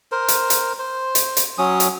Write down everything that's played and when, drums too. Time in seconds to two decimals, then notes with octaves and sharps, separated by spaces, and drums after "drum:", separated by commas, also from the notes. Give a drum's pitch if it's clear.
0.12 A#4 C5
0.28 drum: hi-hat
0.50 drum: hi-hat
0.79 C5
1.15 drum: hi-hat
1.37 drum: hi-hat
1.58 F#3 C#4 D#6
1.80 drum: hi-hat